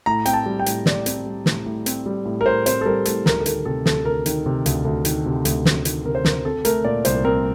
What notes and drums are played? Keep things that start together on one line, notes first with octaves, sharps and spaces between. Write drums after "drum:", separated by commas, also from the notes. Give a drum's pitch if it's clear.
A2 A#5
C4 G5, drum: hi-hat
A5
G3
G5
A2, drum: hi-hat
A2 D5, drum: snare
C4, drum: hi-hat
G3
A2, drum: snare
A2
C4, drum: hi-hat
G3
A2
A#4
A2 C5
C4 C5, drum: hi-hat
A4
G3 A#4
A2 A4, drum: hi-hat
D2 A#4, drum: snare
A4
D#3 A#4, drum: hi-hat
C3 A4
D2 A4, drum: snare
D2 A#4
D#3, drum: hi-hat
C3
D2, drum: hi-hat
D2
D#3, drum: hi-hat
C3
D2, drum: hi-hat
D2, drum: snare
D#3, drum: hi-hat
C3 A#4
C5
D2 A#4, drum: snare
C4 A4
A3 A#4, drum: hi-hat
A#2 D5
C2 C5, drum: hi-hat
C4 A#4